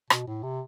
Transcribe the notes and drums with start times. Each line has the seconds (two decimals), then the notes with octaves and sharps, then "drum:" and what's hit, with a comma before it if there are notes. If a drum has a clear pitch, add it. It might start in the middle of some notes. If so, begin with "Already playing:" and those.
0.10 B2, drum: rim click
0.27 A2
0.43 C3